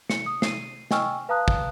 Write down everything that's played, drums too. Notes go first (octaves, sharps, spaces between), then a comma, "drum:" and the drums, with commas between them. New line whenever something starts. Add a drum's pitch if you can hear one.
C#7, drum: snare
D#6
C7 D#7, drum: snare
D#5 G5 G#5 C#6 E6 F6, drum: snare
B4 F5 A5 A#5 D#6 F#6
drum: kick